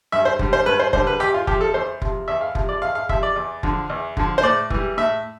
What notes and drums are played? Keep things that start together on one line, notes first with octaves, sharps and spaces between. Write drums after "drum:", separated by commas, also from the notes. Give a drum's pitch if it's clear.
G2 E5
C5
D3 G3, drum: kick F1
C5
G2 B4
C5
D3 G3 C5, drum: kick F1
B4
E2 G4
F4
C3 F3 G4, drum: kick F1
A4
E2 C5
C3 F3, drum: kick F1
E2 E5
F5
C3 F3, drum: kick F1
D5
E2 F5
F5
C3 F3 E5, drum: kick F1
D5
E2
D3 F3, drum: kick F1
E2
D3 F3, drum: kick F1
C5
A2 D5
E3 G3, drum: kick F1
A2 E5